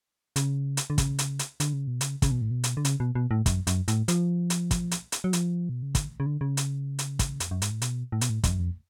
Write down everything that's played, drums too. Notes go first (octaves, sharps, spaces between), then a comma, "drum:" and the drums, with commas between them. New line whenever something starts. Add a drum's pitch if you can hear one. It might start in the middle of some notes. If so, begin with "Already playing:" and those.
C#3, drum: hi-hat
drum: hi-hat
D3
C#3, drum: kick, hi-hat
drum: hi-hat
drum: hi-hat
D3, drum: hi-hat
C#3
B2
C#3, drum: hi-hat
C#3, drum: kick, hi-hat
B2
A2
B2
drum: hi-hat
D3
C#3, drum: hi-hat
B2
B2
A2
F#2, drum: kick, hi-hat
F#2, drum: hi-hat
A2, drum: hi-hat
F3, drum: hi-hat
drum: hi-hat
drum: kick, hi-hat
drum: hi-hat
drum: hi-hat
F#3
F3, drum: hi-hat
B2
C#3
D3, drum: kick, hi-hat
C#3
D3
C#3
drum: hi-hat
drum: hi-hat
drum: kick, hi-hat
F2, drum: hi-hat
F#2
G#2, drum: hi-hat
A2
B2, drum: hi-hat
A2
B2, drum: hi-hat
A2
F2, drum: kick, hi-hat
F#2
F2